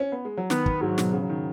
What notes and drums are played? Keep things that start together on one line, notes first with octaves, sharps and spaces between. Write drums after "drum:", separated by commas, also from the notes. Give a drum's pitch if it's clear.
C#4
B3
G#3
F#3
D#3 B3, drum: snare
drum: kick
G#2 F#3
B2, drum: snare
C#3
F#3
D#3